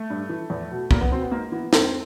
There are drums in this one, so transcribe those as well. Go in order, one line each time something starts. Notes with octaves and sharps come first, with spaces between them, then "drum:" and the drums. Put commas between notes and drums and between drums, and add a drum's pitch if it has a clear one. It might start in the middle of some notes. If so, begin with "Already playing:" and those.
Already playing: A3
G2
E3
E2
B2
E2 A#3, drum: kick
B3
B2 C4
B3
G#2 A#3
E3 B3
G#2 C4, drum: snare